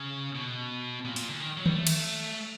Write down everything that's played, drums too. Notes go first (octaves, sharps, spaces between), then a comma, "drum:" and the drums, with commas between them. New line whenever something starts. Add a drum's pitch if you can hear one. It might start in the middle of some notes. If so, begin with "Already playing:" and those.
Already playing: C#3
B2
A#2
A#2, drum: open hi-hat
D3
D#3
F#3
G3, drum: tom D#3
A3
drum: cymbal